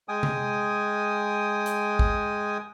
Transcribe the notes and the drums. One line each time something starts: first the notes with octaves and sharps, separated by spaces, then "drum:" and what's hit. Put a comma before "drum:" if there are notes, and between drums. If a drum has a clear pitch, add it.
G#3 G5 G#5 D#6
drum: tom C3
drum: hi-hat
drum: kick